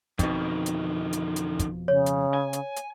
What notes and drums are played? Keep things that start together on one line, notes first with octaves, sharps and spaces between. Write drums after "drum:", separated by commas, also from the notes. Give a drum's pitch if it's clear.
F2 B2 D3 D#4, drum: kick, hi-hat
drum: hi-hat
drum: hi-hat
drum: hi-hat
drum: kick, hi-hat
C#3 C#5
drum: hi-hat
G#5
drum: hi-hat
drum: hi-hat